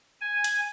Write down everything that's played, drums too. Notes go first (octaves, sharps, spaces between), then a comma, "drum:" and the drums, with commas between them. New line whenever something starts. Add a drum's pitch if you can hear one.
G#5
drum: hi-hat